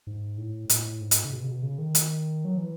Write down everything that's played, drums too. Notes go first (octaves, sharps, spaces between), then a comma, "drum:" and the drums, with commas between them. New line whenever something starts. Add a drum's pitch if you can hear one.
G#2
A2
A2, drum: hi-hat
G#2
drum: hi-hat
C#3
B2
C#3
B2
C#3
D#3
drum: hi-hat
F#3
E3